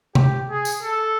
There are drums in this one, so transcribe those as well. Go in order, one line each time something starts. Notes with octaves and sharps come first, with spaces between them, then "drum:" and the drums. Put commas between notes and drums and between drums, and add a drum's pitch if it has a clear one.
G4, drum: tom C3
G#4
drum: tambourine
A4